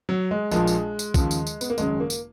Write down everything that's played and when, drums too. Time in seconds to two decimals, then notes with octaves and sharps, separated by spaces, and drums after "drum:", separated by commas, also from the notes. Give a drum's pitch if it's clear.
0.09 F#3
0.31 G#3
0.51 A#1 A#2 F3 G#3, drum: tambourine
0.67 drum: tambourine
0.99 drum: tambourine
1.14 D#2 C#3 F3, drum: kick, tambourine
1.31 drum: tambourine
1.47 drum: tambourine
1.61 B3, drum: tambourine
1.70 A#3
1.78 G#1 F#2 C#3 G#3, drum: tambourine
2.00 A#3
2.10 drum: tambourine